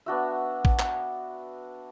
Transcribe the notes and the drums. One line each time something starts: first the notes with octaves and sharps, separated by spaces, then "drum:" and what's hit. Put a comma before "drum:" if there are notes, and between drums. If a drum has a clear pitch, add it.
B3 D4 F#4 E5
drum: kick
drum: clap